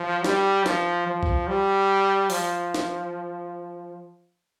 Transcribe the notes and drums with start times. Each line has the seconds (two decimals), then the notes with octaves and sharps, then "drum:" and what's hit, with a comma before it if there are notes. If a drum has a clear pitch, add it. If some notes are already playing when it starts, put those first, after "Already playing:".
Already playing: F3
0.25 G3, drum: snare
0.66 F3, drum: snare
1.06 F3
1.23 drum: kick
1.48 G3
2.30 F3, drum: open hi-hat
2.75 drum: snare